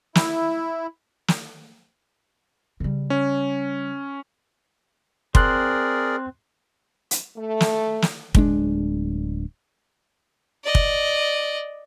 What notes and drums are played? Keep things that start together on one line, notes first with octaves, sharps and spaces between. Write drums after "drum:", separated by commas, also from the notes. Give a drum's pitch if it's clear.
E4, drum: snare
drum: snare
C#3 G3
C#4
C4 G#4 A#4 D5 C6 F#6, drum: kick
drum: hi-hat
A3
drum: snare
drum: snare
D1 G#3 D4, drum: kick
D5 D#5
drum: kick